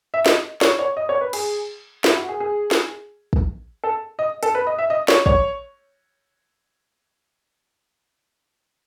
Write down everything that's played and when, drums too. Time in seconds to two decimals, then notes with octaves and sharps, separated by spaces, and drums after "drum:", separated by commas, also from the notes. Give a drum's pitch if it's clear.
0.14 E5
0.26 D#5, drum: snare
0.61 C#5, drum: snare
0.79 C#5
0.97 D#5
1.09 C#5
1.21 B4
1.33 G#4, drum: cymbal
2.04 E4, drum: snare
2.16 F#4
2.29 G#4
2.40 G#4
2.71 drum: snare
3.33 drum: kick
3.84 A4
4.19 D#5
4.43 A4, drum: hi-hat
4.55 B4
4.67 D#5
4.79 E5
4.90 D#5
5.08 C#5, drum: snare
5.26 C#5, drum: kick